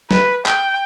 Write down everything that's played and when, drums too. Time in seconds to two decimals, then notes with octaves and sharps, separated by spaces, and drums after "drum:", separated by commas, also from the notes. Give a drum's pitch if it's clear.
0.11 B4, drum: snare
0.46 G5, drum: clap